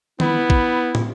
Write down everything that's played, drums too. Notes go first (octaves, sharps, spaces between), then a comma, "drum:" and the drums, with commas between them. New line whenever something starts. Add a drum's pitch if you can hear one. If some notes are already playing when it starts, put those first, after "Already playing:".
B3 E4, drum: tom D#3
drum: kick
drum: tom